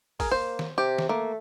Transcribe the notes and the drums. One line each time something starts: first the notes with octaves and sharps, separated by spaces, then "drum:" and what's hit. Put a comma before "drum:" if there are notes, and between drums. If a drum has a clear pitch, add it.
G#4 A#4, drum: kick A1, open hi-hat
A#3 C5
drum: snare
C3 G4
drum: snare
A3 A#3